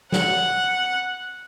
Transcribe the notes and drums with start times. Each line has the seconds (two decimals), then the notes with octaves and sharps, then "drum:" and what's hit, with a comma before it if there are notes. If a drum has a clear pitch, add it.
0.12 F#5, drum: snare